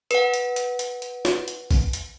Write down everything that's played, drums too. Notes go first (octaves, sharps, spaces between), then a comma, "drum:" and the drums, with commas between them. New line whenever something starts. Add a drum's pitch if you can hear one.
B4 F#5, drum: hi-hat
drum: hi-hat
drum: hi-hat
drum: hi-hat
drum: hi-hat
drum: snare
drum: hi-hat
drum: kick A1, open hi-hat
drum: hi-hat